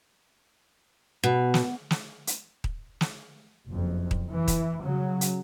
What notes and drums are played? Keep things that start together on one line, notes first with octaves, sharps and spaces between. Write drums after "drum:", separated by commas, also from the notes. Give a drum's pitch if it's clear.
B2
drum: snare
drum: snare
drum: hi-hat
drum: kick D#1
drum: snare
F#1 F2
drum: kick D#1
E3
drum: kick D#1, hi-hat
C#3 F#3
drum: hi-hat